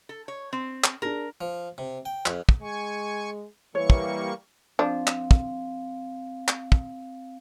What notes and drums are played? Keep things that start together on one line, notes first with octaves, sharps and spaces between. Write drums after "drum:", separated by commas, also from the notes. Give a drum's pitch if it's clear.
A4
C#5
C4
drum: clap
D4 G#4 A#4
F3
C3
G5
F2, drum: clap
drum: kick
G#3 G#5 C#6
E3 G3 A#3 C#5 C#6
drum: kick
F3 C4 D4 F5
drum: clap
drum: kick
drum: clap
drum: kick